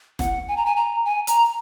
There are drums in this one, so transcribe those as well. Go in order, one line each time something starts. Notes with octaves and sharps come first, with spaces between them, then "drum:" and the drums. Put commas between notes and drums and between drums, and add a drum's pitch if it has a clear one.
F#5, drum: snare
G#5
A#5
G#5
A#5
G#5
A#5, drum: hi-hat